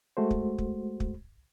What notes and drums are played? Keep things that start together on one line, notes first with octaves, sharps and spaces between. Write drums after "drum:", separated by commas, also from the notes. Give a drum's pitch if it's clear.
G#3 A3 F#4 C5
drum: kick
drum: kick
drum: kick